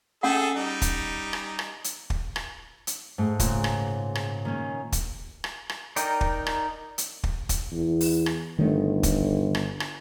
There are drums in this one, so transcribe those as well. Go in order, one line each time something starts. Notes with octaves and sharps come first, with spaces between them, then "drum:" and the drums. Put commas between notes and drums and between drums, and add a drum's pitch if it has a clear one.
C#4 G#4 A4 E5 F#5
G3 D#4
drum: kick, hi-hat
drum: rim click
drum: rim click
drum: hi-hat
drum: kick
drum: rim click
drum: hi-hat
G#2 A3
A#2 C#3, drum: kick, hi-hat
drum: rim click
drum: rim click
D#3 A#3 C#4
drum: kick, hi-hat
drum: rim click
drum: rim click
D#4 A#4 D5 G5, drum: hi-hat
drum: kick
drum: rim click
drum: hi-hat
drum: kick
drum: kick, hi-hat
E2
drum: open hi-hat
drum: rim click
G1 D#3 A3
drum: kick, hi-hat
drum: rim click
drum: rim click